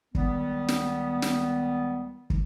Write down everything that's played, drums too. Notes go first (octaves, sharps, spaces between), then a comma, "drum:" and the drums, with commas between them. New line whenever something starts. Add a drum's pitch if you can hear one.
C#2 D#3 G3 B3, drum: kick
drum: snare
drum: snare
drum: kick